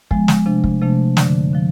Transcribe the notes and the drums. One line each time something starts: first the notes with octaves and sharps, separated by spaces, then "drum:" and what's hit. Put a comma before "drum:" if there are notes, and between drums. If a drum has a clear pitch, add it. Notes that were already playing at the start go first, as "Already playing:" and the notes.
F3 G#3 B3, drum: kick
drum: snare
C3 F3 A3 D4
drum: kick
C3 F3 A3 D4
F#2 D3 F3, drum: snare
D3 F3